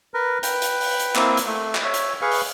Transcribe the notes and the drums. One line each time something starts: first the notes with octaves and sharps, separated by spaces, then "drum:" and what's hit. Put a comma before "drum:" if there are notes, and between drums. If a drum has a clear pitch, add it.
A#4 B4
B4 G5, drum: hi-hat
drum: hi-hat
drum: open hi-hat
drum: hi-hat
A#3 C4 E4, drum: clap
drum: hi-hat
A3
drum: clap
C#5 E5
drum: hi-hat
G#4 B4 F5 C#6
drum: open hi-hat